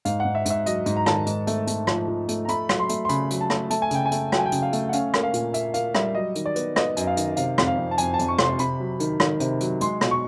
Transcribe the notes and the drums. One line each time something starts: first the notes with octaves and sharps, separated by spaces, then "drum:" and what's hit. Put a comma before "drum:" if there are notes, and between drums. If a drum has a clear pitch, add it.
G#2 F5, drum: hi-hat
G#2 F#5
E5
G#2, drum: hi-hat
E5
F#3 D#5, drum: hi-hat
G#2, drum: hi-hat
A#5
D#3 A5, drum: rim click
G#2, drum: hi-hat
A3, drum: hi-hat
A3, drum: hi-hat
F3, drum: rim click
F3
A3, drum: hi-hat
A#5
A3 B5, drum: hi-hat
F#3, drum: rim click
C6
A3, drum: hi-hat
C6
C#3 B5, drum: hi-hat
F#3, drum: hi-hat
A5
A3, drum: rim click
A3 A5, drum: hi-hat
G#5
C#3 G5, drum: hi-hat
G#5
A3, drum: hi-hat
F#3 G5, drum: rim click
G#5
G5
C#3, drum: hi-hat
F5
A3, drum: hi-hat
F#5
C#4 F5, drum: hi-hat
A#3, drum: rim click
F5
A#2, drum: hi-hat
A#3 E5, drum: hi-hat
A#3 F5, drum: hi-hat
G3 E5, drum: rim click
F#3 D#5
D#3, drum: hi-hat
D5
B3, drum: hi-hat
B3 D#5, drum: rim click
F#2, drum: hi-hat
F5
D#3, drum: hi-hat
C3 F5, drum: hi-hat
F2, drum: rim click
F5
F2
A5
F2 G#5, drum: hi-hat
A5
F2, drum: hi-hat
C#6
C3 C6, drum: rim click
C3 B5, drum: hi-hat
F#3
D#3, drum: hi-hat
D#3, drum: rim click
C3, drum: hi-hat
F#3, drum: hi-hat
G#3 C6, drum: hi-hat
B2, drum: rim click
C#6